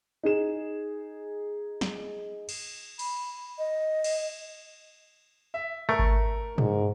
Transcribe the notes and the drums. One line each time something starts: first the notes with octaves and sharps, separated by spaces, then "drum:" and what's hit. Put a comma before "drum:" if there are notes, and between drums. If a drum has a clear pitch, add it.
D#4 G#4 E7
drum: snare
drum: cymbal
B5, drum: cymbal
D#5
drum: cymbal
E5
A3 A#4 C#6
drum: kick G#1
G#2, drum: tom